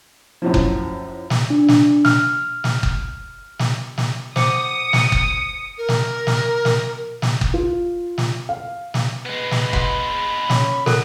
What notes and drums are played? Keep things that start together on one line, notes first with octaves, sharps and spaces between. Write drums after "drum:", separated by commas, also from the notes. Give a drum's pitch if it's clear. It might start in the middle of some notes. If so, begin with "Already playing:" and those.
F#2 A2 F3
drum: kick F#1
drum: snare
D4
drum: snare
F6, drum: snare
drum: snare
drum: kick F#1
drum: snare
drum: snare
C5 F#5 D6 D#6 C#7, drum: snare
drum: snare
drum: kick F#1
A#4
drum: snare
drum: snare
drum: snare
drum: snare
drum: kick F#1
F4
drum: snare
F5
drum: snare
G#3 B3 B4
drum: snare
F5 F#5 B5 C6, drum: kick F#1
C#4, drum: snare
A4 A#4 F#5, drum: snare